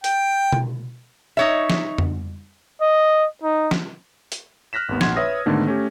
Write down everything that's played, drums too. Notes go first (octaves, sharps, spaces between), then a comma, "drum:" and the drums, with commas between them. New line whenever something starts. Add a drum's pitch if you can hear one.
G5, drum: hi-hat
drum: tom B2
D#4 C#5 E5
drum: snare
drum: tom F2
D#5
D#4
drum: snare
drum: hi-hat
F6 F#6 A#6 B6 E7
G#1 D#2 B3
A#1 F#5 C6 G#6, drum: snare
B4 C#5 E5 D#6 A#6
G#2 D3 D#3 A3 B3
A3 C#4 G4